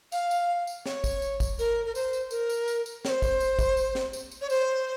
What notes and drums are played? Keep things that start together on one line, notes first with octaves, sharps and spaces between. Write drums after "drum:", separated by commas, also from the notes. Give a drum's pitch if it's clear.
F5, drum: tambourine
drum: tambourine
drum: tambourine
C#5, drum: snare
drum: kick, tambourine
drum: tambourine
drum: kick, tambourine
A#4, drum: tambourine
A#4
C5, drum: tambourine
drum: tambourine
A#4, drum: tambourine
drum: tambourine
drum: tambourine
drum: tambourine
C#5, drum: snare
C5
drum: kick, tambourine
drum: tambourine
drum: kick, tambourine
drum: tambourine
drum: snare
drum: tambourine
drum: tambourine
C#5
C5, drum: tambourine